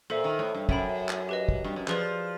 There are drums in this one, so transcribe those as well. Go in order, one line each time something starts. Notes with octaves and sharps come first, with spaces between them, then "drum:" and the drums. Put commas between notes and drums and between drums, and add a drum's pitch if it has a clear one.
A#2 A4 C5 E5
D#3
A2
G2
F#2 E5 G5 B5, drum: kick
drum: clap
G4 B4 D#5
drum: kick
G2
F#2
F3 G#4 B4 D5, drum: clap